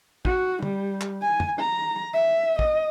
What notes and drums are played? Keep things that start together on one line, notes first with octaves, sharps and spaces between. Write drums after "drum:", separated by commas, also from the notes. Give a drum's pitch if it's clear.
F#4, drum: kick
G3, drum: tom
drum: clap
G#5
drum: tom
A#5
E5
D#5, drum: kick